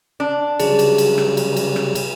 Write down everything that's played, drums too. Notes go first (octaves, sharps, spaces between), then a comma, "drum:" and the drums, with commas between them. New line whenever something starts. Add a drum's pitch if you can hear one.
D4
C#3 F#3 G3 G#4, drum: cymbal
drum: cymbal
drum: cymbal
drum: rim click
drum: cymbal
drum: cymbal
drum: rim click
drum: cymbal